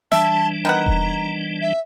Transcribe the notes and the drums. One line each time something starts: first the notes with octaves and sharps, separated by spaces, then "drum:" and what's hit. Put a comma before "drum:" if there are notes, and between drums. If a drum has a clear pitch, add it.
E3 G3 D4 E5 A5, drum: snare
D#3 B3 F#5 A#5
drum: kick E1
E5